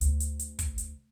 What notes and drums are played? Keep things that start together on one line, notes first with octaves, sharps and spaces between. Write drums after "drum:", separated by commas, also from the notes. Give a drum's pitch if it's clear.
D2, drum: hi-hat
drum: hi-hat
drum: hi-hat
drum: kick, hi-hat
drum: hi-hat